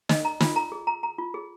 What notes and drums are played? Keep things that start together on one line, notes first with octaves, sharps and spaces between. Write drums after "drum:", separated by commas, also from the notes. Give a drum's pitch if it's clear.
D#5, drum: snare
A#5
F4, drum: snare
A#5
G#4
A#5
A#5
F4
G#4